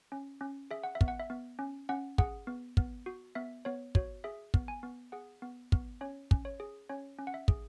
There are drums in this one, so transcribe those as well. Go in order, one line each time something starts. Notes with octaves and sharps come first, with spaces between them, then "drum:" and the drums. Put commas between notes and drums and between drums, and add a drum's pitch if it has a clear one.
C#4
C#4
G#4 E5
F#5
E5
B3, drum: kick
F#5
E5
B3
C#4
C#4 F#5
G#4 F#5, drum: kick
B3
B3, drum: kick
F#4
B3 E5
B3 C#5
F#4 C#5, drum: kick
G#4 E5
B3, drum: kick
G#5
B3
G#4 F#5
B3
B3, drum: kick
C#4 C#5
C#4, drum: kick
C#5
G#4
C#4 C#5
C#4
F#5
E5
G#4, drum: kick